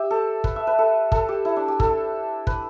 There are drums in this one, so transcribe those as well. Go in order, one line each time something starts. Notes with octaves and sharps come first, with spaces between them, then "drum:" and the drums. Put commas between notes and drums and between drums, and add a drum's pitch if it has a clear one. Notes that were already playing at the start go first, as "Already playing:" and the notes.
Already playing: G4 E5
A4
B4, drum: kick
E5
B4
A4
A4, drum: kick
G4
E4
D4
G4
A4, drum: kick
B4, drum: kick